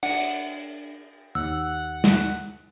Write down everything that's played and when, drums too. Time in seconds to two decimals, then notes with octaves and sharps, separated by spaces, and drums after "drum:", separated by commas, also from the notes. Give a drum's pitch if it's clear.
0.03 D4 F#5, drum: cymbal
1.35 D#2 F#5 E6
2.04 drum: snare